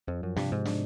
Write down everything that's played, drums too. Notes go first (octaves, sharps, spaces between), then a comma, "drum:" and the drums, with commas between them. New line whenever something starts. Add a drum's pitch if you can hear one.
F2 F3
F#2
G2 C3, drum: snare
G#2
D4, drum: snare